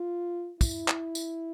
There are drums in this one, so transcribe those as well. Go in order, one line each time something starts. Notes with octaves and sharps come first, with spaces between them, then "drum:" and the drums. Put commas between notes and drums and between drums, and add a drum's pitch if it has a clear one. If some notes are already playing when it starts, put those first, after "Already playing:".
Already playing: F4
E4, drum: kick, tambourine
drum: clap
drum: tambourine